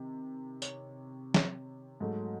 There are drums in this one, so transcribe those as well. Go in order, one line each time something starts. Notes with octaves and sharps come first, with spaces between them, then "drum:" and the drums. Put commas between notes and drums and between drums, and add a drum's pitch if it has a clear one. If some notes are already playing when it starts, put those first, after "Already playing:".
Already playing: C3 D#3
C#5, drum: tambourine
drum: snare
G#2 F#3 A3